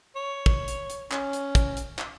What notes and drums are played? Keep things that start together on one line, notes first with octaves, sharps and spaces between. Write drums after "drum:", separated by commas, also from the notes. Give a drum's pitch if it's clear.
C#5
drum: kick
drum: hi-hat
drum: hi-hat
C#4, drum: clap
drum: hi-hat
drum: kick, hi-hat
drum: hi-hat
drum: clap